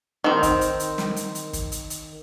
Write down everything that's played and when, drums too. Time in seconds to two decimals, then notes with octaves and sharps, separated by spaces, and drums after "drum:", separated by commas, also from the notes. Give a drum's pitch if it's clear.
0.24 D#3 C4
0.43 drum: kick, hi-hat
0.61 drum: hi-hat
0.80 drum: hi-hat
0.98 drum: snare
1.16 drum: hi-hat
1.35 drum: hi-hat
1.53 drum: kick, hi-hat
1.72 drum: hi-hat
1.90 drum: hi-hat